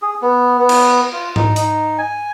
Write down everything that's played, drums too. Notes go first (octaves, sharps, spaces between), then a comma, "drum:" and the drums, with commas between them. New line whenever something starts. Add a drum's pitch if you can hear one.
G#4
B3
B3
drum: cymbal
F4
D#4, drum: tom G#2
D#4, drum: hi-hat
G#5